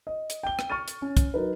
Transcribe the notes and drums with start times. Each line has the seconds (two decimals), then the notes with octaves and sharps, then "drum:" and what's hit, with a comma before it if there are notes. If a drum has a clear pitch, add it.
0.07 D#5
0.30 drum: hi-hat
0.43 G5 G7
0.59 drum: rim click
0.70 C#6 F6 A6 D#7
0.88 drum: hi-hat
1.02 C#4
1.17 drum: kick, hi-hat
1.34 F#3 D#4 A#4 B4